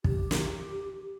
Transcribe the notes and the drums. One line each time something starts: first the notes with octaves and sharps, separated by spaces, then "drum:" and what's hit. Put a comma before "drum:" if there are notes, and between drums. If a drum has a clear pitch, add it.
G4, drum: kick
drum: snare